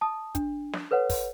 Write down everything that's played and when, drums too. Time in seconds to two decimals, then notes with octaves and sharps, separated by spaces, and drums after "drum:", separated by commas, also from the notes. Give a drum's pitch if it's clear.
0.01 A5 D#6
0.35 D4, drum: kick, hi-hat
0.73 drum: snare
0.91 A4 B4 C#5 F#5
1.10 drum: kick, open hi-hat